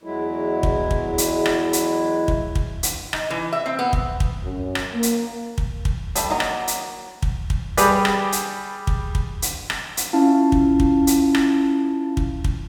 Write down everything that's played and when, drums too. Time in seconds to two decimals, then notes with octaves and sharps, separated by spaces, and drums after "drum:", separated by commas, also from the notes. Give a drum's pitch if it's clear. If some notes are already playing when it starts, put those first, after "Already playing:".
0.04 E2 F#3 G#3 E4
0.63 drum: kick
0.91 drum: kick
1.18 drum: hi-hat
1.46 drum: rim click
1.73 drum: hi-hat
2.28 drum: kick
2.55 drum: kick
2.83 drum: hi-hat
3.13 D#4, drum: rim click
3.30 E3
3.53 E5
3.66 C4
3.79 B3
3.93 drum: kick
4.20 drum: kick
4.43 F#2
4.75 drum: rim click
4.94 A#3
5.03 drum: hi-hat
5.58 drum: kick
5.85 drum: kick
6.15 G3 D4 A4 E5 B5, drum: hi-hat
6.30 F#3 A#3 D#5 A#5
6.40 drum: rim click
6.68 drum: hi-hat
7.22 drum: kick
7.50 drum: kick
7.77 G3 G4 G#4 B4 D5, drum: hi-hat
8.05 drum: rim click
8.32 drum: hi-hat
8.87 drum: kick
9.15 drum: kick
9.42 drum: hi-hat
9.70 drum: rim click
9.97 drum: hi-hat
10.13 C#4 E4 F4 F5 A5
10.52 drum: kick
10.80 drum: kick
11.07 drum: hi-hat
11.35 drum: rim click
12.17 drum: kick
12.44 drum: kick